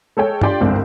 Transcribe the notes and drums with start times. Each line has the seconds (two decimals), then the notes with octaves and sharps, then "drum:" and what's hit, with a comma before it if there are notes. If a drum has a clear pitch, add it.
0.17 G#3 A4 C#5 G5
0.41 D4 F4 G4 D5 G5 C6, drum: tom G2
0.61 G1 C2 G#2 C4